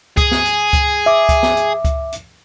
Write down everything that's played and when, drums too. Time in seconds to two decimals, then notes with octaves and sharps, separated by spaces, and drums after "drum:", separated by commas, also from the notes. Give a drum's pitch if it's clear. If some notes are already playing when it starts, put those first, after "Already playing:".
0.17 G#4, drum: kick C#2, hi-hat
0.31 drum: snare B3
0.45 drum: hi-hat
0.73 drum: kick C#2, hi-hat
1.06 E5 D6
1.29 drum: kick C#2, hi-hat
1.43 drum: snare B3
1.57 drum: hi-hat
1.85 drum: kick C#2, hi-hat
2.12 drum: hi-hat